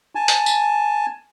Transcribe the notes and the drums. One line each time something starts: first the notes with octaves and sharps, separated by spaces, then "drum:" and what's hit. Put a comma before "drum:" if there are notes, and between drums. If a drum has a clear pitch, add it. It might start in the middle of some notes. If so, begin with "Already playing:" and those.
G#5 A5
drum: hi-hat
drum: tambourine